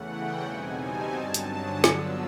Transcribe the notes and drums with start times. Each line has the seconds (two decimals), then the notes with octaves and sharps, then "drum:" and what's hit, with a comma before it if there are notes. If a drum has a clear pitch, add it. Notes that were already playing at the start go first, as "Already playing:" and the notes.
Already playing: E2 C#3 E3 A3 F#5
0.08 G5
0.44 B2 G3 C4 D#4 G#5
0.78 A5
1.13 G2 D3 F#3
1.34 drum: hi-hat
1.48 D#6
1.84 D3 F#3 B3 D4 F4 E6, drum: snare